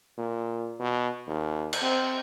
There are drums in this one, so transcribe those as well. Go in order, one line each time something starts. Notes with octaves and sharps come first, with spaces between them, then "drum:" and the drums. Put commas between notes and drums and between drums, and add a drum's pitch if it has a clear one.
A#2
B2
D#2
drum: cymbal
C4